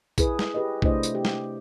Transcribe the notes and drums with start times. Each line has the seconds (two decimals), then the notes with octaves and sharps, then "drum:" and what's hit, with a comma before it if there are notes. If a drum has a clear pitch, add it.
0.18 E4 G#4 B4, drum: kick A#1, tambourine
0.39 drum: snare
0.54 G4 G#4 B4 C#5 D#5
0.82 C3 A3 D4 E4 C5 D#5, drum: kick A#1
1.03 drum: tambourine
1.15 G4
1.25 drum: snare